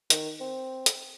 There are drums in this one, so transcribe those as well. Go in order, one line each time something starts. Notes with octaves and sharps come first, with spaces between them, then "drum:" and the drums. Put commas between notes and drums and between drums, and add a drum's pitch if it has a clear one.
D#3, drum: hi-hat
C4
drum: hi-hat